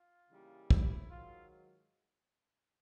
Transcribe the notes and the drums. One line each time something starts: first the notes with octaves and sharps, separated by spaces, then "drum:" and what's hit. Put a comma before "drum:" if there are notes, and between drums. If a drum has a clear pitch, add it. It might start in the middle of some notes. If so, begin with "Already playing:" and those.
Already playing: F4
C#3 E3 G3 A#3 D#4
E4, drum: kick
G#2 D#3 F#3 F4